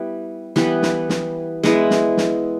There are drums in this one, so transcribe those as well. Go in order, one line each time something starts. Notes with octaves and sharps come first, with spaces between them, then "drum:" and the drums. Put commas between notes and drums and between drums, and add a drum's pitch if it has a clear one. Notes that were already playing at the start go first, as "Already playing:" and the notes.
Already playing: G3 B3 E4
E3 G3 B3, drum: snare
drum: snare
drum: snare
G#3 B3 E4, drum: snare
drum: snare
drum: snare